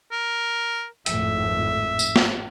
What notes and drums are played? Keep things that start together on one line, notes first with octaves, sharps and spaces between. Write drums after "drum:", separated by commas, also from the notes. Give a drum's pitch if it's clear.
A#4
G#1 F2 A2 E5, drum: hi-hat
drum: tambourine
drum: snare